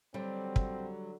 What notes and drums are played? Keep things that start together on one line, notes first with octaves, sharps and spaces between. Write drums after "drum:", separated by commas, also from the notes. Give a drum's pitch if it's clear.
D3 F#3 G3 C4
drum: kick